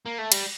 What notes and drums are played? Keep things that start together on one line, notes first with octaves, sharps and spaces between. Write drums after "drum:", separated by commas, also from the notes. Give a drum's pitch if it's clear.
A#3
A3
G3, drum: cymbal